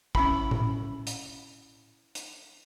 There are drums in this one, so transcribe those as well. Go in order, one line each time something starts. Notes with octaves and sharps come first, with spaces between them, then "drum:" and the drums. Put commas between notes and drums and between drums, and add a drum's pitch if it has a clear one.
C#4 E4 B5, drum: kick
drum: tom A2
drum: hi-hat
drum: hi-hat